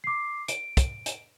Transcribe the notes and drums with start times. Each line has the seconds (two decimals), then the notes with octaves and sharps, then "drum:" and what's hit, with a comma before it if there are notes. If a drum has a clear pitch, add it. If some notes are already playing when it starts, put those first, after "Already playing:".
0.04 D6 C7
0.48 D7, drum: hi-hat
0.77 drum: kick, hi-hat
1.06 drum: hi-hat